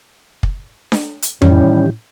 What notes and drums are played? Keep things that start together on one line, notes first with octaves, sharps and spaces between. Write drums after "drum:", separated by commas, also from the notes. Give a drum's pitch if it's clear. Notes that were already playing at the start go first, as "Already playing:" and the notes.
drum: kick
drum: snare D4
drum: hi-hat
A2 D#3 E3 G3 C#4 G4, drum: tom F2